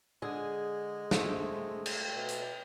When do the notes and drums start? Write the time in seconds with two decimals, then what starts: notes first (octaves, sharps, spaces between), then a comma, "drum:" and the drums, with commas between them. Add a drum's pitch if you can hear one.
0.22 D3 G#3 G#4
1.11 A3 C4, drum: snare
1.86 drum: cymbal
2.16 B2
2.28 drum: hi-hat